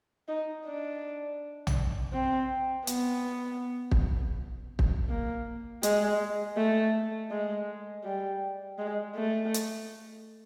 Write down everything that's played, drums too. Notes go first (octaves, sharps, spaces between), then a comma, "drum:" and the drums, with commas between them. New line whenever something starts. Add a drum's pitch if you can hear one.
D#4
D4
drum: tom
C4
B3, drum: hi-hat
drum: kick
drum: kick
A#3
G#3, drum: hi-hat
A3
G#3
G3
G#3
A3
drum: hi-hat